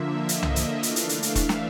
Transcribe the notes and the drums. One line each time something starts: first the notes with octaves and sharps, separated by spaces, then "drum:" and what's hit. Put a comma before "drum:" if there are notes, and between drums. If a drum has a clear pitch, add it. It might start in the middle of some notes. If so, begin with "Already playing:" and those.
Already playing: D3 F3 A#3 E5
D#5, drum: hi-hat
drum: tom C2
drum: hi-hat
E3 A3 D4 F5, drum: hi-hat
drum: hi-hat
drum: hi-hat
drum: hi-hat
E5, drum: kick E1, hi-hat
drum: snare